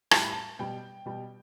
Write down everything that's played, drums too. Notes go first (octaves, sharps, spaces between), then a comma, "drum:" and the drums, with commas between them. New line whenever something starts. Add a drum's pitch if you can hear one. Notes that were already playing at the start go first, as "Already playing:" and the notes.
A2 G3 A5, drum: rim click
B5
A5
B2 G3 G5
B2 G3